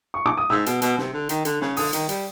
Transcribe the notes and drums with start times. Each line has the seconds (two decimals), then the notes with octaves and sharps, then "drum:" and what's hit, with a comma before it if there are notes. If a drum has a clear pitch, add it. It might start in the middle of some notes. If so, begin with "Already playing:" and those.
0.14 C#6
0.26 D6
0.37 D#6
0.50 G#2 E6
0.66 B2, drum: hi-hat
0.82 B2, drum: hi-hat
0.98 C3, drum: snare
1.14 D3
1.29 D#3, drum: hi-hat
1.45 D3, drum: hi-hat
1.61 C#3, drum: snare
1.77 D3 D#6, drum: open hi-hat
1.93 D#3, drum: hi-hat
2.09 G3, drum: hi-hat